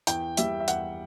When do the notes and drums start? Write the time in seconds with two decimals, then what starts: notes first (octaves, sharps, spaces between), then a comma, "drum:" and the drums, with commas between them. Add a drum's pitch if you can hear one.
0.07 E2 G5, drum: hi-hat
0.37 G3 E5, drum: hi-hat
0.60 E5
0.68 E2 F#5, drum: hi-hat